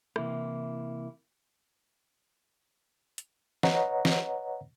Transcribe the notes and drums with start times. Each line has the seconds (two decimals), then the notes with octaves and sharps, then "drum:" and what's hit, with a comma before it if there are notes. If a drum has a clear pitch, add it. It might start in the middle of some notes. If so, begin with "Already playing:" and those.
0.16 C3 E3 A#3 E4, drum: rim click
3.18 drum: hi-hat
3.63 B4 C#5 D#5 F#5 A#5, drum: snare
4.05 drum: snare